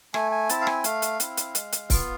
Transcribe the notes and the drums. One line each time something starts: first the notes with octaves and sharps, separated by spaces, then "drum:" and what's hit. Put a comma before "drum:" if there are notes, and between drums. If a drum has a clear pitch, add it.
A3 G#5, drum: rim click
G#5
C4 E4 A5, drum: hi-hat
F5
G#5, drum: rim click
A3 F5, drum: hi-hat
drum: hi-hat
C4 E4, drum: hi-hat
drum: hi-hat
G#3, drum: hi-hat
drum: hi-hat
B3 F4, drum: kick C#1, open hi-hat